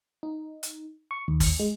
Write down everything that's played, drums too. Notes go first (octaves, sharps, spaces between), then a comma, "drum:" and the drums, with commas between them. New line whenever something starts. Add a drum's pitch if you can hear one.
D#4
drum: hi-hat
C#6
D#2
drum: kick, open hi-hat
G#3